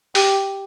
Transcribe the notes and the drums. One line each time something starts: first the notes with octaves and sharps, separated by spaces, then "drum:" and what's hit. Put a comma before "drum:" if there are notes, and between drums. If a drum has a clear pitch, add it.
G4, drum: open hi-hat